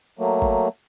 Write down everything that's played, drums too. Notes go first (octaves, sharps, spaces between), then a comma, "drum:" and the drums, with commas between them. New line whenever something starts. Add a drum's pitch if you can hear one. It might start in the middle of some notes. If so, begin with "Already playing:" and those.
F#3 A3 A#3
drum: kick